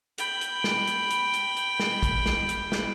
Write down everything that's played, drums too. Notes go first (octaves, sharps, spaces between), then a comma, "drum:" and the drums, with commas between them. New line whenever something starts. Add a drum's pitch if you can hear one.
G5 B5, drum: hi-hat
drum: hi-hat
drum: snare
drum: hi-hat
drum: hi-hat
drum: hi-hat
drum: hi-hat
drum: snare
drum: kick, hi-hat
drum: snare
drum: hi-hat
drum: snare